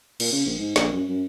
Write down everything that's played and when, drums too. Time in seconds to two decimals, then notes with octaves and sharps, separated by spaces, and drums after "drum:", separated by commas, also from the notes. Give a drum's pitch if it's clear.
0.20 A#2, drum: cymbal
0.32 C#3
0.46 A#1
0.59 G#2
0.76 A#1, drum: snare
0.92 F#2
1.09 F#2